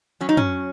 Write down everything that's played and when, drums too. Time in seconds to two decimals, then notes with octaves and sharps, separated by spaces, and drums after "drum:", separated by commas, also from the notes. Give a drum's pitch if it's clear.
0.21 F#3 C#4
0.29 D#4
0.37 C#4, drum: tom